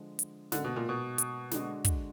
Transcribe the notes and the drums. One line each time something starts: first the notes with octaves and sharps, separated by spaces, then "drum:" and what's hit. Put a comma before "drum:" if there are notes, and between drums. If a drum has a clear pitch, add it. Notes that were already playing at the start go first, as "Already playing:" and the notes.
Already playing: D3 F3 G#3
drum: hi-hat
G#2 D3 F#3 A#3 D#4, drum: snare
B2
A#2
B2
drum: hi-hat
D3 G#3 D4 F#4, drum: snare
drum: kick, hi-hat